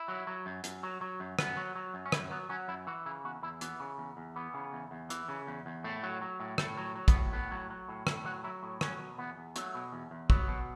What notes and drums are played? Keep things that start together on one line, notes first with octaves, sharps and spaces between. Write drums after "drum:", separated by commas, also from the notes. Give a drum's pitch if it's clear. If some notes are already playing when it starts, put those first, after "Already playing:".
Already playing: E4
F#3
F#3
F#2
F#2, drum: hi-hat
F#3
F#3
F#2
F#2 B3, drum: rim click
F#3
F#3
F#2
C#4
F#2 E4, drum: rim click
F#3 B3
F#3 C#4
F#2 E4
E3 F#4
C#3 E4
E2 F#4
E2 E4
E3 B3, drum: hi-hat
C#3
E2
E2
E3 B3
C#3
E2
E2
E3, drum: hi-hat
C#3
E2
E2
A2 A3
F#3
F#3
A2
A2 A3, drum: rim click
F#3
F#3
B3, drum: kick, hi-hat
A2
A2 B3
F#3
F#3
A2
A2 E4, drum: rim click
F#3 F#4
F#3 E4
A2
F#3 C#4, drum: rim click
B2
E2 B3
E2
F#3 A3, drum: hi-hat
B2
E2
E2
F#3 B3, drum: kick
B2